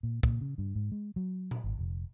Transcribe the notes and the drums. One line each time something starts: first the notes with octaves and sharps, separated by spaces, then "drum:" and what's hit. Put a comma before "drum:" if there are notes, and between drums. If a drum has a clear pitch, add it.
A#2
A#2, drum: kick
C#3
G2
G#2
G#3
F#3
drum: tom A#2
G#1
F1